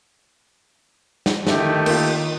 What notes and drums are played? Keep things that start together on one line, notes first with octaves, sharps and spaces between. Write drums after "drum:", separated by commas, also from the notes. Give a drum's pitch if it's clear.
drum: snare
D3 D#3 A3 E4 G4, drum: snare
A#3 F4, drum: cymbal